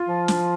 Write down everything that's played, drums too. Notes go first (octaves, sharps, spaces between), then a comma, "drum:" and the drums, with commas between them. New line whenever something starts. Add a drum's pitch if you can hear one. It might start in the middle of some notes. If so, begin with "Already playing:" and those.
Already playing: F4
F3
drum: snare